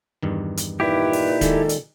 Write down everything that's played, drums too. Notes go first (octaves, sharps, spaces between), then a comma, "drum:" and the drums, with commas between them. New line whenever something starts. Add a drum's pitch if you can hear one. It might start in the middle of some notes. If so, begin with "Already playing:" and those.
E2 G2 D#3
drum: hi-hat
A#2 D#4 E4 G4 B4 D5
drum: open hi-hat
D#3 G#3 A4, drum: kick, hi-hat
drum: hi-hat